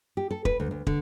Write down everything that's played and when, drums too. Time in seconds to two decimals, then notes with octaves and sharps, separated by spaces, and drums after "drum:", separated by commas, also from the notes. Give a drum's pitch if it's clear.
0.17 G4
0.31 A4
0.45 B4, drum: kick
0.60 D2
0.71 D2
0.87 D3, drum: kick